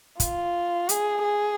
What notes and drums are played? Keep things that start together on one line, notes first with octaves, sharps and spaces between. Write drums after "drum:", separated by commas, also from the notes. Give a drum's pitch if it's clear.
F4, drum: kick, hi-hat
G#4, drum: hi-hat
G#4